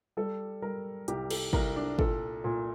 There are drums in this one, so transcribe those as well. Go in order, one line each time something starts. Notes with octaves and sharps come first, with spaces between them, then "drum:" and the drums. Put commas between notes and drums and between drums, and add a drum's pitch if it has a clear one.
G3 A4
G3 A#4
C2 G4, drum: hi-hat
A4, drum: cymbal
C2 A#4, drum: kick
D4
A#2 A4, drum: kick
A#2